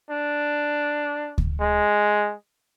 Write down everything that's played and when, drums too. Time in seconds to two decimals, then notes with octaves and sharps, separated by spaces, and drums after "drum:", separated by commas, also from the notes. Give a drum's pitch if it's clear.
0.10 D4
1.38 drum: kick D2
1.60 G#3